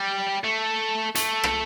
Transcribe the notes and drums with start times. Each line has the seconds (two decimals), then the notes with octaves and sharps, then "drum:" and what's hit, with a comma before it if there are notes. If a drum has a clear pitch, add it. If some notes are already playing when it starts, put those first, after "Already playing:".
Already playing: G3
0.44 A3
1.15 A3, drum: hi-hat
1.43 drum: rim click